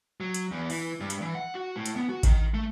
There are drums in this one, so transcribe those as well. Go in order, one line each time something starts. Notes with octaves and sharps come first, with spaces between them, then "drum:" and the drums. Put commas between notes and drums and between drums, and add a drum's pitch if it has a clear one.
F#3
drum: hi-hat
E2
E3, drum: open hi-hat
G2
drum: hi-hat
E3
F#5
F#4
A2
drum: hi-hat
B3
F#4
D#3, drum: kick A1, hi-hat
A3